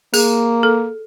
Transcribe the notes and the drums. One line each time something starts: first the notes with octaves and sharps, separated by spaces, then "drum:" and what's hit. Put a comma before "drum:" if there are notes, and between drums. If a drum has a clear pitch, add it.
A#3 G#4, drum: tambourine
A4